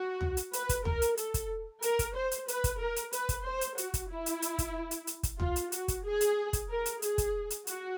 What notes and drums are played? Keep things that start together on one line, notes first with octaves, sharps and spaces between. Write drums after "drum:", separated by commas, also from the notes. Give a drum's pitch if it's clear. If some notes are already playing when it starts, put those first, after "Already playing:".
Already playing: F#4
drum: tom
drum: hi-hat
B4, drum: hi-hat
drum: kick, hi-hat
A#4, drum: tom
drum: hi-hat
A4, drum: hi-hat
drum: kick, hi-hat
A#4, drum: hi-hat
drum: kick, hi-hat
C5
drum: hi-hat
B4, drum: hi-hat
drum: kick, hi-hat
A#4
drum: hi-hat
B4, drum: hi-hat
drum: kick, hi-hat
C5
drum: hi-hat
F#4, drum: hi-hat
drum: kick, hi-hat
E4
drum: hi-hat
drum: hi-hat
drum: kick, hi-hat
drum: hi-hat
drum: hi-hat
drum: kick, hi-hat
F4, drum: tom
drum: hi-hat
F#4, drum: hi-hat
drum: kick, hi-hat
G#4
drum: hi-hat
drum: kick, hi-hat
A#4
drum: hi-hat
G#4, drum: hi-hat
drum: kick, hi-hat
drum: hi-hat
F#4, drum: hi-hat